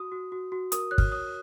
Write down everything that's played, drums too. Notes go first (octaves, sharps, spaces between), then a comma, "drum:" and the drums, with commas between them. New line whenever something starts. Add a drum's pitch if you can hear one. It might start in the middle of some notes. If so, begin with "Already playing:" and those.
Already playing: F#4 D#6
F#4
F#4
F#4
A#4 D#6, drum: hi-hat
C#5 F#6
F6, drum: kick
C#5 D#6